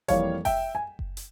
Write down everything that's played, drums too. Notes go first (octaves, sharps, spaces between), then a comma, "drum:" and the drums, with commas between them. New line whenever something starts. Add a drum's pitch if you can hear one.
F2 E3 G3 A#3 C#5 F5, drum: kick F#1, hi-hat
E5 G5, drum: kick F#1, open hi-hat
G#5
drum: kick F#1
drum: hi-hat